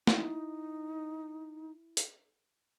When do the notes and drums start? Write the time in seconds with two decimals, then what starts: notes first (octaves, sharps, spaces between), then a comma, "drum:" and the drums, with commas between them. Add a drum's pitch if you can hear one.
0.07 D#4 E4, drum: snare
1.97 drum: hi-hat